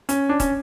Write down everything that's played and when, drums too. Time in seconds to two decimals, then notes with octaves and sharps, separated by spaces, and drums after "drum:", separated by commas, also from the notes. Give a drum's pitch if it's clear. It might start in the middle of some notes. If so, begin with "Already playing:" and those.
0.09 C#4, drum: hi-hat
0.29 D4
0.40 C#4, drum: kick, hi-hat